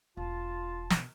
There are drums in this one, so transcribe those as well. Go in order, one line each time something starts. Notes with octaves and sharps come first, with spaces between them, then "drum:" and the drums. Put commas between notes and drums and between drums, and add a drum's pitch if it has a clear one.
E1 F4 A5
B2, drum: snare